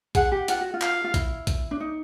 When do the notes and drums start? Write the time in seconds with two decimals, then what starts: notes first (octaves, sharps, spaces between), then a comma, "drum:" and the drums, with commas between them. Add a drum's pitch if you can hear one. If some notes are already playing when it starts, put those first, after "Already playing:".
0.15 G#4 F#5, drum: kick, hi-hat
0.32 G4
0.48 F4 F#5, drum: hi-hat
0.61 F#4
0.74 F4
0.82 F5, drum: clap
1.04 F4
1.14 E4, drum: kick, hi-hat
1.47 drum: kick, hi-hat
1.71 D4
1.80 D#4